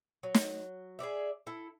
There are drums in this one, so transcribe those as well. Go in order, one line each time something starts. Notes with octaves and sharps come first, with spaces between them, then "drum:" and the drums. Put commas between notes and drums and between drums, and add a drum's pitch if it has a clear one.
F#3
drum: snare
G#4 B4 D5 E5
E4 A4